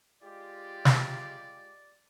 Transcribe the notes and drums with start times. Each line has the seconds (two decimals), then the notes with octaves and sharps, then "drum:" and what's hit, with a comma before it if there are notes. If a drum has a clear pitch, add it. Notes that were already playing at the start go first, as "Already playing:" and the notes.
0.23 G#3 F4 G4 D5
0.85 drum: snare